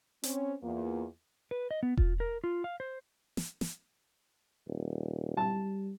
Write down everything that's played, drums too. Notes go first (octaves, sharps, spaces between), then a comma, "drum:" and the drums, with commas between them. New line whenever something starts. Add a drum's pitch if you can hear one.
C4 C#4, drum: hi-hat
E2 A#3 F4
B4
D#5
B3
F4, drum: kick E1
A#4
F4
F5
C5
drum: snare
drum: snare
D#1
G3 A5